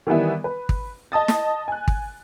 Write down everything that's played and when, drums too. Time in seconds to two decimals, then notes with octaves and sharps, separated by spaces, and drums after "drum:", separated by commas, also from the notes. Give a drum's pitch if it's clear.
0.07 D#3 E3 G3 B3 E4
0.44 B4
0.69 drum: kick
1.12 D#5 A5 D#6 A6
1.28 drum: snare
1.68 G#5 F#6
1.88 drum: kick